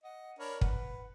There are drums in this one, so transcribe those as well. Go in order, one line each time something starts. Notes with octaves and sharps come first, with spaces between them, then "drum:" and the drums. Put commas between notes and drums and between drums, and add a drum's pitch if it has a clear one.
D#5 F#5
D4 A#4 C#5 B5
B4 F#5, drum: kick